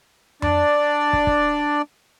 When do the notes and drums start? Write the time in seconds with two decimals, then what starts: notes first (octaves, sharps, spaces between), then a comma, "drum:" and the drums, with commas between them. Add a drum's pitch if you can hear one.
0.42 D4 D5, drum: tom F2
1.13 drum: kick
1.27 drum: kick